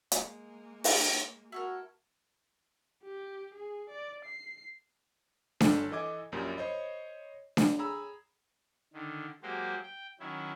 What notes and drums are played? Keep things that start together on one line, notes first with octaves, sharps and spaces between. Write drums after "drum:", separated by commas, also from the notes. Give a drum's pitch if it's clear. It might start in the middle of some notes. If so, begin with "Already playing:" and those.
G#3 A#3, drum: hi-hat
drum: open hi-hat
E4 F#4 A4 A#4
G4
G#4
D5
C7
G1 A4, drum: snare D4
E3 A4 D#5 E5 D6 G#6
A#1 F#2 A#2 G4 A#4
C5 C#5 D#5 B5
drum: snare D4
G#4 A#5 B5 E6
D3 D#3
F#3 G#3 A#3 F#4 G4 C5
G5
D#3 F#3 C#4 E4